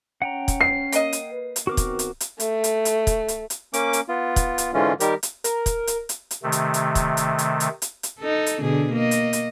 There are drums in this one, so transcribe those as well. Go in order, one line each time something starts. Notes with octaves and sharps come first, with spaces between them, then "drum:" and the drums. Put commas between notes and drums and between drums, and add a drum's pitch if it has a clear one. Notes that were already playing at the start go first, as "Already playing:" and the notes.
C#4 F#5 G5 A#5
drum: kick, hi-hat
C7
A#3 D#5, drum: hi-hat
drum: hi-hat
B4
drum: hi-hat
D#3 B3 C4 F#4 A#4 D6
drum: kick, hi-hat
drum: hi-hat
drum: hi-hat
A3, drum: hi-hat
drum: hi-hat
drum: hi-hat
drum: kick, hi-hat
drum: hi-hat
drum: hi-hat
A#3 C#4 D6, drum: hi-hat
drum: hi-hat
B3 F4
drum: kick, hi-hat
drum: hi-hat
G#2 D3 E3 G#3 C#4 F4
D#3 G3 G4 A#4, drum: hi-hat
drum: hi-hat
A#4, drum: hi-hat
drum: kick, hi-hat
drum: hi-hat
drum: hi-hat
drum: hi-hat
C3 D#3 A3
drum: hi-hat
drum: hi-hat
drum: kick, hi-hat
drum: hi-hat
drum: hi-hat
drum: hi-hat
drum: hi-hat
drum: hi-hat
D#4 A4
drum: hi-hat
B2 D3 G#4
A#3 D#5
drum: hi-hat
drum: hi-hat